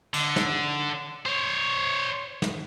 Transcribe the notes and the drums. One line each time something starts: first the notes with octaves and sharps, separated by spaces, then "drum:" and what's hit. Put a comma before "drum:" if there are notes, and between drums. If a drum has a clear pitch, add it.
D3, drum: cymbal
drum: snare
C5 C#5
drum: snare